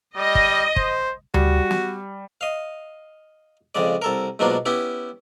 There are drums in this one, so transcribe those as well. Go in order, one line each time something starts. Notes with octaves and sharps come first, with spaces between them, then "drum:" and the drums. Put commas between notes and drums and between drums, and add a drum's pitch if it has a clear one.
G3 D#5
drum: kick
C5, drum: kick
G3 F#4, drum: tom D2
drum: snare
D#5 F5
F2 C#3 G#3 D5
C2 A4 A#4
G#2 B2 F#3 A#3 D4 F4
B3 C#4 E4 G4